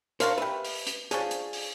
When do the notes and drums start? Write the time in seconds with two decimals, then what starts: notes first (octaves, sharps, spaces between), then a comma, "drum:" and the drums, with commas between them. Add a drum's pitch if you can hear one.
0.20 D4 A#4 C5 F5 C#6, drum: hi-hat
0.38 G4 B4 E5
0.64 drum: open hi-hat
0.87 drum: hi-hat
1.11 F3 C#4 D4 G#4, drum: hi-hat
1.31 drum: hi-hat
1.53 drum: open hi-hat